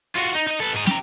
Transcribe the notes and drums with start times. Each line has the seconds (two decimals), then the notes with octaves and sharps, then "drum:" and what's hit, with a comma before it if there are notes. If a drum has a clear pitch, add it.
0.16 F4 F#4, drum: hi-hat
0.35 D#4
0.47 D#4 D#5
0.60 A4 B4
0.73 G#2 D#4
0.87 G4 A#5, drum: snare